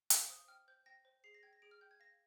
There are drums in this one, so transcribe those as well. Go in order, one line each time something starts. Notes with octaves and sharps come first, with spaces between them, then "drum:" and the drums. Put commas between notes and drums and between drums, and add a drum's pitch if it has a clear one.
F5 G6, drum: hi-hat
C5 D#6
G5 F6
C5 G6
G5 A#6
C5
G#4 C7
A#6
G5 G#6
A#6
G#4 D7
F6
G5 G6
G#6
F5 A#6